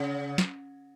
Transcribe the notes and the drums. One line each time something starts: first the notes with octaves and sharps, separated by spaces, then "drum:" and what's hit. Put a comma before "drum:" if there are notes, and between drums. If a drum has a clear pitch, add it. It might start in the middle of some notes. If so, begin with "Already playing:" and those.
Already playing: C#3
drum: snare